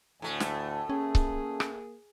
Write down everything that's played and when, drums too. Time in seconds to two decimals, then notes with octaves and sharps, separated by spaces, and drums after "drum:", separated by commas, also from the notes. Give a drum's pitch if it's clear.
0.22 D2 A2 A3 G#5
0.40 drum: snare
0.89 A#3 C#4 G#4
1.15 drum: kick C#1
1.60 drum: rim click